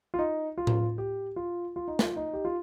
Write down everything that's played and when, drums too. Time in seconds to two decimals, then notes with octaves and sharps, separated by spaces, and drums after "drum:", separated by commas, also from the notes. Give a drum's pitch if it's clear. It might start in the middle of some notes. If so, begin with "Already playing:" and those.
0.14 F4
0.19 D#4
0.58 F4
0.67 drum: tom A2
0.98 G4
1.36 F4
1.76 F4
1.88 D#4
1.99 F4, drum: snare
2.16 D#4
2.33 G4
2.45 F4